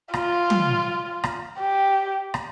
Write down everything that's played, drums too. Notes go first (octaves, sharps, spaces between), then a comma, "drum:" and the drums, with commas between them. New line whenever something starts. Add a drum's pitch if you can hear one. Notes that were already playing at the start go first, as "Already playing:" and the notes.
F4, drum: rim click
drum: tom
drum: rim click
G4
drum: rim click